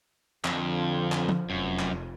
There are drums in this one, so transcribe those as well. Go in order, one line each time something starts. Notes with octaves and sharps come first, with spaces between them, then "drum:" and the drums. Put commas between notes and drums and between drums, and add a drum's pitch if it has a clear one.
F2 D3 F3, drum: clap
drum: clap
drum: tom F3
F1 F#2
drum: clap